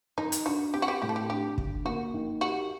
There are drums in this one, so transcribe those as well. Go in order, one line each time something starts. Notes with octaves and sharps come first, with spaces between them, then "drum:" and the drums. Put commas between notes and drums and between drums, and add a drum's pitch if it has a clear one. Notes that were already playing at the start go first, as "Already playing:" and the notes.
D#3 D#4
drum: hi-hat
D4 F#4
C4 G4
F#4
G4
A2 G4
A4
G4
D4 G4
D3, drum: kick
A#3 F#4
D#3
F#4 G4